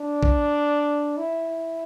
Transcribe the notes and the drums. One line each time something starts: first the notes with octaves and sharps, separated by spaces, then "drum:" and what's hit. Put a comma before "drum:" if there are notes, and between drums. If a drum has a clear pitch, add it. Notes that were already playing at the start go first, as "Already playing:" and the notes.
Already playing: D4
drum: kick A1
E4